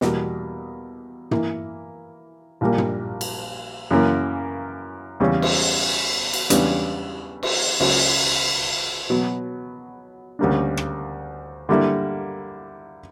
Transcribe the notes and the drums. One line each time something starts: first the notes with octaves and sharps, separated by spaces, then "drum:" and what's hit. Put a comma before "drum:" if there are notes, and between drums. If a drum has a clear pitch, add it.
E2 B2 G3 A#3, drum: snare
E3 A#3 E4, drum: tom
A#1 A#2 G3 A#3
drum: tom
drum: cymbal
F#2 C#3 E3 A#3
E2 C#3 G3 C#4
drum: cymbal
drum: cymbal
E2 C#3 G3 B3 D4, drum: hi-hat
drum: cymbal
C#2 C#3 F#3, drum: cymbal
B2 F#3 B3
D2 C#3 G3 A#3 D4
drum: rim click
D3 G3 A#3 E4